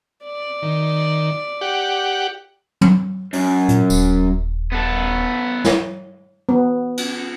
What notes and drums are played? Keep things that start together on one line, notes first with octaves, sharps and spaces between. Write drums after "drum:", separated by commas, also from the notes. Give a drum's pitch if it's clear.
D5
D#3
G4 F#5
drum: tom
F#2, drum: open hi-hat
A#2, drum: hi-hat
D#1, drum: tambourine
B3 A4
drum: snare
B3
drum: cymbal